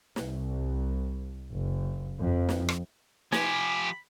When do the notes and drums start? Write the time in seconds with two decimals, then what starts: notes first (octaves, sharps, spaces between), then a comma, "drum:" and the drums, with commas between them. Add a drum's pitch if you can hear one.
0.16 C2, drum: snare
1.51 F#1
2.20 F2
2.49 drum: snare
2.69 drum: rim click
3.32 F3 G4 G#5 B5, drum: snare